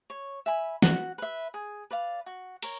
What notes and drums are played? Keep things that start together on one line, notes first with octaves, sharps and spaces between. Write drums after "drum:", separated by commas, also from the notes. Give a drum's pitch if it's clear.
C#5
E5 G#5 B5
F#4, drum: snare
B4 E5
G#4
B4 D5 F5
F#4
A#4 C#5, drum: cymbal